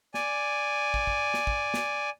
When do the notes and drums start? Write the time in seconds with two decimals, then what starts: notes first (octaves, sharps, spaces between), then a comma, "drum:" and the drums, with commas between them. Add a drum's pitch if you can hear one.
0.14 D5 G#5, drum: snare
0.94 drum: kick
1.07 drum: kick
1.34 drum: snare
1.47 drum: kick
1.74 drum: snare